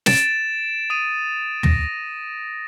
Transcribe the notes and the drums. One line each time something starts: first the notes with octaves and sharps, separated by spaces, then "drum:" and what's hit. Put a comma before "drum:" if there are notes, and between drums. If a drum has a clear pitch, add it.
A6 D7 E7, drum: snare
D#6 D#7
A#6, drum: tom